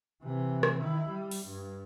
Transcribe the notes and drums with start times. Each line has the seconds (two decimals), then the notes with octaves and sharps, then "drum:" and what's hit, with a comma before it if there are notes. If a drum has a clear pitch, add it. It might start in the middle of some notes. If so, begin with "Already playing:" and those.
0.23 C3 E3
0.63 drum: rim click
0.79 D#3 E4
1.09 G3
1.31 drum: open hi-hat
1.46 G2